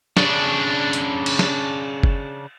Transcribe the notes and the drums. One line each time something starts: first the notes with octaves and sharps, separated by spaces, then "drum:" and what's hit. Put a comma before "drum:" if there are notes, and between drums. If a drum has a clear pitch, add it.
C#3 D4, drum: snare
drum: hi-hat
drum: cymbal
drum: snare
drum: kick F#1